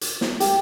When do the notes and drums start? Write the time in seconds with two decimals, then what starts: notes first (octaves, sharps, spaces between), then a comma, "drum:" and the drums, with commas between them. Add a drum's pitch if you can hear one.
0.01 drum: hi-hat
0.21 drum: snare
0.40 G4, drum: hi-hat